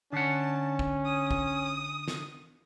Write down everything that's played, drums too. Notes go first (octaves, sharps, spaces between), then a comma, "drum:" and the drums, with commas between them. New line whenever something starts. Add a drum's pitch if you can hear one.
D3 C#4 F#5 A5
drum: kick
D#6
drum: kick
drum: snare